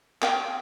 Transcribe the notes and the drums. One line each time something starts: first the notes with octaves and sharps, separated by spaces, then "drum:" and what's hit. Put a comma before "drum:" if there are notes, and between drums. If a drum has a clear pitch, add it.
F5 G5, drum: clap